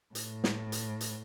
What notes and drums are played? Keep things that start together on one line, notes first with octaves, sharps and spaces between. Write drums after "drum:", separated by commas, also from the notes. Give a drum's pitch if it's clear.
A2, drum: hi-hat
drum: snare
drum: hi-hat
drum: hi-hat